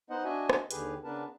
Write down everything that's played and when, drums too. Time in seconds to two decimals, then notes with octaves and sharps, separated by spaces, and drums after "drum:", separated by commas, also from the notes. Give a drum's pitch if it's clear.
0.10 B3 D#4 C5 D#5 F#5
0.24 D4 F#4 D#5 E5 G#5
0.50 drum: rim click
0.71 D#2 D3 G4 G#4 B4, drum: hi-hat
1.04 C#3 B3 D4 A#4 B4 A5